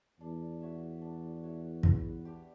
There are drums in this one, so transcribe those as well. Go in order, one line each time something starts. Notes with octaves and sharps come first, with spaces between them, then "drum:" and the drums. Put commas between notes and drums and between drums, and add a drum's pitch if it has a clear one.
E2 D4
F#4 C#5 E5
D4
F#4 C#5 E5
B3, drum: kick
D4 G4